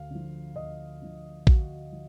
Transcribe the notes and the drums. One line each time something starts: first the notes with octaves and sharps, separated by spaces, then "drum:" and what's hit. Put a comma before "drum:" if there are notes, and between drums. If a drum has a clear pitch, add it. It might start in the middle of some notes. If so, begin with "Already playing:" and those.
Already playing: D2 F5
D3 F3
D2 D#5
D3 F3
D2 F#4, drum: kick A#1
F3